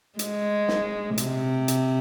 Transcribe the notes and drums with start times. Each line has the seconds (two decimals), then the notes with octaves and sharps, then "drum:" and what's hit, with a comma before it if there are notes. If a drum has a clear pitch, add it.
0.19 G#3, drum: hi-hat
0.68 drum: snare
1.18 C3, drum: hi-hat
1.68 drum: hi-hat